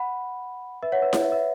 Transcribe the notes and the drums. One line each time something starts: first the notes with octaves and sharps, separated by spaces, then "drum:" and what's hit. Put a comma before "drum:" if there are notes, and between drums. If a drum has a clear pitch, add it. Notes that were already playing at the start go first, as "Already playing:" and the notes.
Already playing: F#5 B5
B4 E5
C#5 F#5
B4
C#5, drum: snare E4
B4 E5
B4 E5